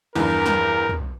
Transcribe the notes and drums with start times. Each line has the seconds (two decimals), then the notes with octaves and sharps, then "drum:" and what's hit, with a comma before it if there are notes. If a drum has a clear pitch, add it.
0.16 E2 G2 A#4, drum: snare
0.46 drum: snare
0.89 drum: tom